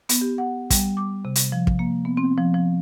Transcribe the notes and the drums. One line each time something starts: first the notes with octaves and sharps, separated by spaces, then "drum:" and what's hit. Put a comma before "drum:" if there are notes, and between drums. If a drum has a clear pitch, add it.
B3, drum: hi-hat
G4
F#5
G3, drum: kick, hi-hat
D6
C3
drum: hi-hat
F3
drum: kick
A#3
B3
C4
F3
F3